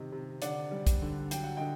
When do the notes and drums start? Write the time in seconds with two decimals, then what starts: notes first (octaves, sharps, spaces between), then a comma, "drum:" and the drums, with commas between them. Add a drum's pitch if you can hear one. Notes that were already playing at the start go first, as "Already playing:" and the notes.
Already playing: C3 D#3 D#5
0.12 C3
0.42 D3 D5 F#5, drum: hi-hat
0.71 G3
0.87 drum: kick, hi-hat
1.02 D3
1.31 F#3 G5, drum: hi-hat
1.44 F#5
1.57 D3 D#5 G5